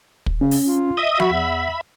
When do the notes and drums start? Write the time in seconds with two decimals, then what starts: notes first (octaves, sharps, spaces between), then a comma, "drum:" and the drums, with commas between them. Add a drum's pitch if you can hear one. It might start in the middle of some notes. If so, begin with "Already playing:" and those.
0.26 drum: kick
0.41 C#3 C#4
0.51 drum: open hi-hat
0.66 F4
0.97 D#5 E5 D#6
1.20 F#4 E5 F#5 B5, drum: tom F3
1.33 E2